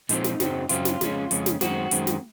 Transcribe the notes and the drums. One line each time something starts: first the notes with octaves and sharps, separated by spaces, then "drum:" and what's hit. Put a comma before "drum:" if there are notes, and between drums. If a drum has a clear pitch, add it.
A#2 F3 G#3 C4 D#4, drum: hi-hat
drum: snare
F#2 C#3 F#3 C4, drum: snare
F#2 C#3 F#3 C4 F4, drum: hi-hat
drum: snare
F2 C#3 G#3 C#4, drum: snare
F2 C#3 G#3 C#4, drum: hi-hat
drum: snare
F#2 D#3 G#3 C4 F#4, drum: snare
F#2 D#3 G#3 C4, drum: hi-hat
drum: snare